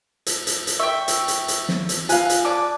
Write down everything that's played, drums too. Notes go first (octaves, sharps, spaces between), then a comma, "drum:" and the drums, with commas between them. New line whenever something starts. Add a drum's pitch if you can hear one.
drum: hi-hat
drum: hi-hat
drum: hi-hat
E5 G5 C#6
drum: hi-hat
drum: hi-hat
drum: hi-hat
drum: snare
drum: hi-hat
F4 C5 F5 G#5 F#6, drum: hi-hat
drum: hi-hat
D5 A5 D6